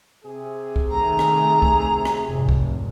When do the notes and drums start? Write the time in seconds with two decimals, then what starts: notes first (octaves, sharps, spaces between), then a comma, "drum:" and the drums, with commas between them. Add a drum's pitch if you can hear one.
0.24 C3 G#4
0.76 drum: kick
0.90 D#3 A3 A#5
1.19 drum: rim click
1.62 drum: kick
2.05 drum: rim click
2.27 F1 G#2
2.49 drum: kick